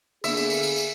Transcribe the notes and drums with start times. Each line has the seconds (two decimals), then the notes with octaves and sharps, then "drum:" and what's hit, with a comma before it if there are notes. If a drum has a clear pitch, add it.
0.24 D3 A#3 B3 G#4 E5, drum: tambourine
0.37 drum: tambourine
0.50 drum: tambourine
0.63 drum: tambourine
0.76 drum: tambourine